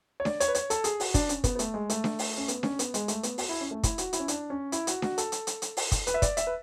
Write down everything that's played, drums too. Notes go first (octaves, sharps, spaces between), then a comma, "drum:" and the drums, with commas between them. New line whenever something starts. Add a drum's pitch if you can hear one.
C#5
D5, drum: snare D4
C#5, drum: hi-hat
B4
C#5, drum: hi-hat
A4, drum: hi-hat
G#4, drum: hi-hat
F#4, drum: open hi-hat
D4, drum: kick, hi-hat
C#4, drum: hi-hat
B3, drum: kick, hi-hat
B3
A3, drum: hi-hat
G#3
A3, drum: hi-hat
drum: snare D4
drum: open hi-hat
C#4
B3, drum: hi-hat
C#4, drum: snare D4
B3, drum: hi-hat
G#3, drum: hi-hat
A3, drum: hi-hat
B3, drum: hi-hat
F#4, drum: open hi-hat
E4
C#4
A3
E4, drum: kick, hi-hat
F#4, drum: hi-hat
E4, drum: hi-hat
C#4
D4, drum: hi-hat
C#4
E4, drum: hi-hat
F#4, drum: hi-hat
F#4, drum: snare D4
A4, drum: hi-hat
drum: hi-hat
drum: hi-hat
drum: hi-hat
drum: open hi-hat
drum: kick, hi-hat
B4, drum: hi-hat
E5
D5, drum: kick, hi-hat
E5, drum: hi-hat
B4